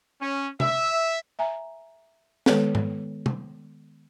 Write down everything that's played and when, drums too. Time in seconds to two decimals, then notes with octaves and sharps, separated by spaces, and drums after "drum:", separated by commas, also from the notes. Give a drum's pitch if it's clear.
0.20 C#4
0.60 E5, drum: tom
1.39 E5 G#5 A#5
2.46 D#3 G#3 B3 A4 B4 C#5, drum: snare
2.75 drum: tom G#2
3.26 drum: tom